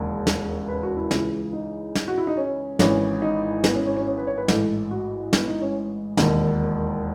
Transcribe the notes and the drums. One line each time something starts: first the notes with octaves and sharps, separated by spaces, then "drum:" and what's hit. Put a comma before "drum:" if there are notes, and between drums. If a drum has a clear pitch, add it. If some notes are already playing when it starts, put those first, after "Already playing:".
Already playing: E1 D#2 C#3
drum: snare
B4
F#4
E4
C#2 C#3 E3, drum: snare
D#4
drum: snare
F#4
E4
D#4
C#4
G#1 G#2 E3 C#4, drum: snare
D#4
B3, drum: snare
C#4
C#4
C#4
C#4
B4
C#5
B4
A1 G#2 E3 A4, drum: snare
F#4
B3, drum: snare
D#4
C#4
E1 D#2 D#3, drum: snare